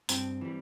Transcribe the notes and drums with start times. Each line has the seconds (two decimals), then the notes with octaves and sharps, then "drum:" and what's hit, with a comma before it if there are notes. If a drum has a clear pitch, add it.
0.09 G2 C4, drum: hi-hat
0.41 E3 G3